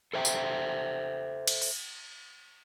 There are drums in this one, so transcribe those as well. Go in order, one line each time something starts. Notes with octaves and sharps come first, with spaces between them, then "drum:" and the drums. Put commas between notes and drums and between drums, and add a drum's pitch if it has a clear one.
A4 C5 E5 G5
drum: tambourine
drum: cymbal
drum: open hi-hat